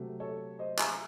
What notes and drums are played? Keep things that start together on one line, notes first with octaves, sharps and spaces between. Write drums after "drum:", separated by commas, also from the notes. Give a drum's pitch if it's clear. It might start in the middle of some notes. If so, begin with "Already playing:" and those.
Already playing: C3 F#3 A3
A4 C#5
C5 D#5
E5 G#5, drum: clap